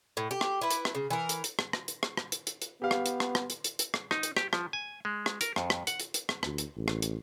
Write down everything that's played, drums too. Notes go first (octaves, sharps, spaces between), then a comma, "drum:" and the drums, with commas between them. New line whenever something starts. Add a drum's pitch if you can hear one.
A2
G4
drum: rim click
E4 B4
drum: hi-hat
drum: rim click
C#3
E3 A#4
drum: hi-hat
drum: hi-hat
drum: rim click
drum: rim click
drum: hi-hat
drum: rim click
drum: rim click
drum: hi-hat
drum: hi-hat
drum: hi-hat
B3 G4 F5
drum: rim click
drum: hi-hat
drum: rim click
drum: rim click
drum: hi-hat
drum: hi-hat
drum: hi-hat
drum: rim click
D#4, drum: rim click
drum: hi-hat
G4, drum: rim click
F3, drum: rim click
G#5
G#3
drum: rim click
A#4, drum: hi-hat
F2, drum: rim click
drum: rim click
F#5, drum: hi-hat
drum: hi-hat
drum: hi-hat
drum: rim click
D2, drum: rim click
drum: hi-hat
A1
drum: rim click
drum: hi-hat